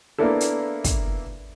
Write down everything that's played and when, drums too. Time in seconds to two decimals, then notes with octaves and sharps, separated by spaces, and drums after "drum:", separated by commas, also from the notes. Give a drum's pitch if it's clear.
0.18 A#3 B3 D4 E4 A4
0.40 drum: hi-hat
0.84 drum: kick, hi-hat